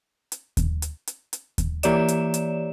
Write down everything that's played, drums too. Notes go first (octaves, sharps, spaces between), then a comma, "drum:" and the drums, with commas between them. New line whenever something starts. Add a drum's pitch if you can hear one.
drum: hi-hat
drum: kick D#2, hi-hat
drum: hi-hat
drum: hi-hat
drum: hi-hat
drum: kick D#2, hi-hat
E3 A#3 G4 C#5 D5 E7, drum: hi-hat
drum: hi-hat
drum: hi-hat